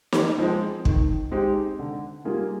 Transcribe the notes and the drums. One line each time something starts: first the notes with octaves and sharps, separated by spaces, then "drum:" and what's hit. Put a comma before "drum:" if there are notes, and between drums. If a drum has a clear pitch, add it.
drum: snare
F3 G#3 C4
D#3, drum: kick
G#3 C4 D#4 G4
D3
G3 A#3 F4 G#4